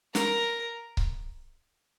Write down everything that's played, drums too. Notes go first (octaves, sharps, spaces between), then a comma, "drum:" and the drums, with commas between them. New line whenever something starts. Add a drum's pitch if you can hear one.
A#4, drum: snare
drum: kick C#1